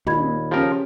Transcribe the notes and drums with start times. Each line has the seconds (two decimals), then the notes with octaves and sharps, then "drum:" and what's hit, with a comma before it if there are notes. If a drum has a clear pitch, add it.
0.07 D#2 A#2 D#5 B5 G#6, drum: tom
0.51 C#3 F3 G4 A#4